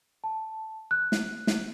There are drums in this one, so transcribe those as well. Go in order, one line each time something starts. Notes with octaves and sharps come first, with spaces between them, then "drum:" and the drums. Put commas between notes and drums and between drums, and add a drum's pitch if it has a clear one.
A5
F#6
drum: snare
drum: snare